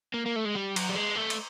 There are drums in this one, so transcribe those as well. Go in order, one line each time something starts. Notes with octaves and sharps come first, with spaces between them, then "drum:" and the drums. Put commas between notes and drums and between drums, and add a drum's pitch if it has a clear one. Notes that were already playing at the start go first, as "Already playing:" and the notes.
A#3
A#3
A3
G#3
G3
F#3, drum: cymbal
G3
G#3
A3
drum: cymbal